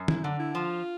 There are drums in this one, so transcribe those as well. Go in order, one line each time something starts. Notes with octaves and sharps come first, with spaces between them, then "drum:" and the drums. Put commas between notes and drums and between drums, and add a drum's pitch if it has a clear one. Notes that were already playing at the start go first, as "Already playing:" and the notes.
Already playing: F#2
E4, drum: tom
D3 D4
E4
F3 F4